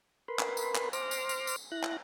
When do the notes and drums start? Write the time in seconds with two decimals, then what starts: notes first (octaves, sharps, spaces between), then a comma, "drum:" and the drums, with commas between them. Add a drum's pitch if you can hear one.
0.28 A#4 B4 B5 C6
0.39 drum: clap
0.57 drum: tambourine
0.75 drum: clap
0.93 C5 C6 D6 F6 A#6, drum: tambourine
1.11 drum: tambourine
1.29 drum: tambourine
1.47 drum: tambourine
1.72 E4 F#6 A#6
1.83 drum: clap